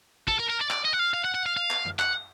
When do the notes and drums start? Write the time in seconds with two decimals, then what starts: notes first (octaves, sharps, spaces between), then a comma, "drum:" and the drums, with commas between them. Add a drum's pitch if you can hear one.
0.27 A4, drum: kick
0.39 A#4
0.49 A#4
0.60 D5
0.70 D5, drum: clap
0.85 D#5
0.93 F#5
0.99 F5
1.13 F5
1.24 F#5
1.34 F#5
1.46 F5
1.57 F5
1.71 drum: clap
1.85 drum: tom F#2
2.00 F#5, drum: clap